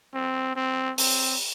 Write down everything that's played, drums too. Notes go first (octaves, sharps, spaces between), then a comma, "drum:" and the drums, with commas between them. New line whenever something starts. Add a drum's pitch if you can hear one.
C4
C4
C4, drum: open hi-hat